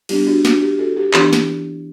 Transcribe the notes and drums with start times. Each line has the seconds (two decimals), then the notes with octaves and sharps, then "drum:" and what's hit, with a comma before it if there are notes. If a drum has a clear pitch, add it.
0.09 G3 B3 D4 E4 G4, drum: cymbal
0.27 D4 F#4
0.45 D4 F#4, drum: snare
0.61 E4 G4
0.79 F#4 A4
0.96 E4 G4
1.14 E3 B3 D4 E4 G4, drum: clap
1.33 drum: snare